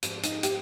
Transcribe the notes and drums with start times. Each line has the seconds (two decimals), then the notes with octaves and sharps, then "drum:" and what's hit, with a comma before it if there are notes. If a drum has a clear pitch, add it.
0.03 G#2 F3 C4 D4, drum: hi-hat
0.23 D#4, drum: hi-hat
0.43 G4, drum: hi-hat